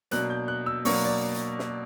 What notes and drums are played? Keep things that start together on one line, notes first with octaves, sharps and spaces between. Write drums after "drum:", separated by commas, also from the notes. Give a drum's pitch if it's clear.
B2 F#3 A#3 D4 F#6, drum: hi-hat
G6
F#6
E6
B2 F#3 A#3 D4 C#6, drum: open hi-hat
D5
drum: hi-hat
drum: snare